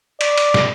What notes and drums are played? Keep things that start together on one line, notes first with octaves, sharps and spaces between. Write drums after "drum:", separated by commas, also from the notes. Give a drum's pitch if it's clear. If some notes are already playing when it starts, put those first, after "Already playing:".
D5, drum: cymbal
drum: cymbal
drum: snare